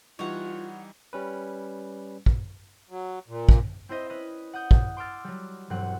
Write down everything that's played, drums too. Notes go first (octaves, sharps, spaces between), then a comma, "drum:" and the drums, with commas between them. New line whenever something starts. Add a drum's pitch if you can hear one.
E3 G3 D#4 F4 C#5 F#5
G3 C#4 B4
drum: kick
F#3
A#2
drum: kick
C4 E4 C5 D#5 E5
C#4 B4 D#5
F#5 D#6 G6
drum: kick
C6 D6 E6 F6 A6
F#3 G3
E1 G2 F#3 C4 F#5